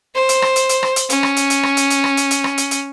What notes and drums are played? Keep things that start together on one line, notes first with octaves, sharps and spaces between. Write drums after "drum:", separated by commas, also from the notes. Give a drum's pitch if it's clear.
C5
drum: hi-hat
drum: rim click
drum: hi-hat
drum: hi-hat
drum: rim click
drum: hi-hat
C#4, drum: hi-hat
drum: rim click
drum: hi-hat
drum: hi-hat
drum: rim click
drum: hi-hat
drum: hi-hat
drum: rim click
drum: hi-hat
drum: hi-hat
drum: rim click
drum: hi-hat
drum: hi-hat